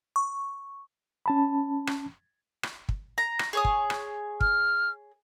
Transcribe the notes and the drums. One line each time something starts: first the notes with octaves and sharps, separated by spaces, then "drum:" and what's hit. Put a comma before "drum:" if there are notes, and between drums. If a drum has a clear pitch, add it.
C#6
C#4 A5 B5
drum: rim click
drum: rim click
drum: kick
A#5
drum: rim click
G#4 C#5 D#6
drum: kick
drum: rim click
F6, drum: kick